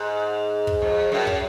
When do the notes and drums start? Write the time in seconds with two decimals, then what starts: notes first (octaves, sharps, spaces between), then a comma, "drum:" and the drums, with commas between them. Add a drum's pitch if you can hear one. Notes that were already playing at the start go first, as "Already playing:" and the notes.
Already playing: G#2
0.67 drum: kick
0.82 F2
1.12 F#2
1.27 drum: kick